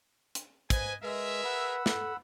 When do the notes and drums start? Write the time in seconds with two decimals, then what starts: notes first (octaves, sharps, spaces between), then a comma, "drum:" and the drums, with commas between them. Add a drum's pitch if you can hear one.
0.35 drum: hi-hat
0.70 B4 C5 D#5 G#5, drum: kick, hi-hat
1.02 G#3 G#4 A#4 B4 E5
1.45 F#5 B5 E6
1.86 A4, drum: snare